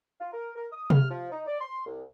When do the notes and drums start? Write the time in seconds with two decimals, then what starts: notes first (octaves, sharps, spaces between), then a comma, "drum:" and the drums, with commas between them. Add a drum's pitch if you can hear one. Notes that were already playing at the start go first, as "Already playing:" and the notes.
0.20 F4
0.33 A#4
0.56 A#4
0.72 D#6
0.90 F6, drum: tom C3
1.10 F3
1.32 D#4
1.47 D5
1.61 C6
1.86 C2